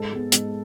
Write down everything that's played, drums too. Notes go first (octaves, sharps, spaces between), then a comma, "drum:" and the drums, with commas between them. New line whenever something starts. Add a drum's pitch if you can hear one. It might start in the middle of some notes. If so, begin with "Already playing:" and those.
Already playing: G#2 A4
G#3 B3
G#2, drum: hi-hat